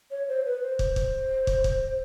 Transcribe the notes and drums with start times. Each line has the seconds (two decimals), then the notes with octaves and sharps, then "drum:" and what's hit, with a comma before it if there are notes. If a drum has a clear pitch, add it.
0.11 C#5
0.29 C5
0.46 B4
0.62 C5
0.79 drum: kick
0.96 drum: kick
1.47 drum: kick
1.64 drum: kick